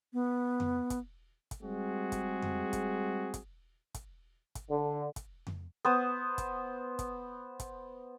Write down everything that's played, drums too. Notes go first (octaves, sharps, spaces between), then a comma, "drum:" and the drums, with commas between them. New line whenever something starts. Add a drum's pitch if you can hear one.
B3
drum: tom F2
drum: kick, hi-hat
drum: kick, hi-hat
G3 G#3 C4 F#4 G#4
drum: kick, hi-hat
drum: tom F2
drum: kick, hi-hat
drum: kick, hi-hat
drum: kick, hi-hat
drum: kick, hi-hat
D3
drum: kick, hi-hat
drum: tom F2
B3 C5 D#6
drum: kick, hi-hat
drum: kick, hi-hat
drum: kick, hi-hat